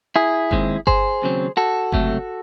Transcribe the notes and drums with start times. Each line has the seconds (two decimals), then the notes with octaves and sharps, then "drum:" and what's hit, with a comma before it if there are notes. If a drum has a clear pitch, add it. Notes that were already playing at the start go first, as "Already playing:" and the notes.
0.16 E4 G#4
0.51 D#2 D#3 G#3 C4, drum: kick G1
0.87 G#4 C5, drum: kick G1
1.22 D#2 C#3 F#3 C4
1.57 F#4 A4
1.92 C#2 C3 F#3 A3, drum: kick G1